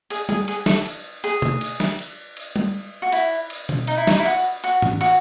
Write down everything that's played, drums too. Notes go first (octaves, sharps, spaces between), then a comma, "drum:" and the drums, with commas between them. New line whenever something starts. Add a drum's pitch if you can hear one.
G#4, drum: cymbal
G#4, drum: tom G3
G#4, drum: cymbal
A4, drum: snare
drum: cymbal
G#4, drum: cymbal
drum: tom C3
drum: cymbal
drum: snare
drum: cymbal
drum: cymbal
drum: tom G3
F#4
E4, drum: cymbal
drum: cymbal
drum: tom B2
D#4, drum: cymbal
E4
D#4, drum: snare
E4
F#4, drum: cymbal
F#4, drum: cymbal
drum: tom G#2
F#4, drum: cymbal